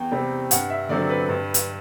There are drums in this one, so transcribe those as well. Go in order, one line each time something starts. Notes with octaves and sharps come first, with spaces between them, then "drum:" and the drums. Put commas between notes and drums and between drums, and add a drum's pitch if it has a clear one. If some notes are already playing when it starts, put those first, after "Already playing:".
Already playing: E2 G5
C3 G3 C4
G2 F#5, drum: hi-hat
E5
D3 F#3 C4 D5
B4
G2
drum: hi-hat